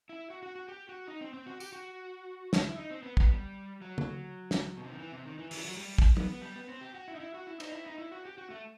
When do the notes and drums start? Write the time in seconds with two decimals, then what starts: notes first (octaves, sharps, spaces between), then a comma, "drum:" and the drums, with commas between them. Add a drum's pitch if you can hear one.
0.09 E4
0.30 F#4
0.43 F#4
0.55 F#4
0.69 G4
0.89 F#4
1.07 D#4
1.21 C4
1.34 C4
1.46 F#4
1.60 G4, drum: tambourine
1.73 F#4
2.53 drum: snare
2.64 E4
2.77 D#4
2.91 C4
3.03 B3
3.17 B3, drum: kick
3.29 G3
3.82 F#3
3.98 drum: tom C#3
4.51 drum: snare
4.77 B2
4.83 C3
4.92 D#3
4.99 E3
5.12 C3
5.26 D#3
5.39 E3
5.51 E3, drum: open hi-hat
5.65 F#3
5.77 G3
5.98 drum: kick
6.17 B3, drum: tom F#3
6.29 B3
6.42 G3
6.56 B3
6.69 C4
6.81 G4
6.94 F#4
7.08 E4
7.15 D#4
7.20 E4
7.34 F#4
7.47 E4
7.60 D#4, drum: cymbal
7.72 E4
7.86 D#4
7.98 E4
8.12 F#4
8.25 G4
8.38 F#4
8.50 A3